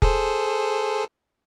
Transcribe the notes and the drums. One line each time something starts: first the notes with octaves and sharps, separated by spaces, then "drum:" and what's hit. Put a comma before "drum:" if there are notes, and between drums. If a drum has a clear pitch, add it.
G#4 A4 C5, drum: kick